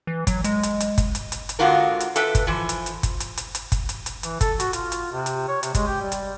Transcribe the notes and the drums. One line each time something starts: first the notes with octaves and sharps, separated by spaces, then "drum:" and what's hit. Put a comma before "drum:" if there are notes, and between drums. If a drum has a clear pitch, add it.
E3
F#3, drum: kick, hi-hat
G#3, drum: hi-hat
drum: hi-hat
drum: hi-hat
drum: kick, hi-hat
drum: hi-hat
drum: hi-hat
drum: hi-hat
G#2 B2 D3 F4 F#4 A#4
drum: hi-hat
A4 B4 E5 G5, drum: hi-hat
drum: kick, hi-hat
E3 F3
drum: hi-hat
drum: hi-hat
drum: kick, hi-hat
drum: hi-hat
drum: hi-hat
drum: hi-hat
drum: kick, hi-hat
drum: hi-hat
drum: hi-hat
E3, drum: hi-hat
A4, drum: kick, hi-hat
F#4, drum: hi-hat
F4, drum: hi-hat
drum: hi-hat
C3
drum: hi-hat
C#5
C3, drum: hi-hat
G#3, drum: kick, hi-hat
G4
G3
drum: hi-hat